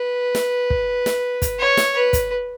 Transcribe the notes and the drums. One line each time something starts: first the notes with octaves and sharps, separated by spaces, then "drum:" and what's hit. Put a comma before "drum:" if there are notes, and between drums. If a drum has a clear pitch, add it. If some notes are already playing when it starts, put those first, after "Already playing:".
Already playing: B4
drum: snare
drum: kick
drum: snare
drum: kick, hi-hat
C#5
drum: snare
B4
drum: kick, hi-hat